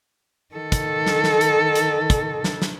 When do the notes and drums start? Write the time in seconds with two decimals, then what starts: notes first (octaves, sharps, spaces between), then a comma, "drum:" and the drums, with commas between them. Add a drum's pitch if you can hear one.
0.55 D#3 A4
0.72 drum: kick, hi-hat
1.07 drum: snare
1.24 drum: snare
1.41 drum: hi-hat
1.75 drum: hi-hat
2.10 drum: kick, hi-hat
2.44 drum: snare
2.62 drum: snare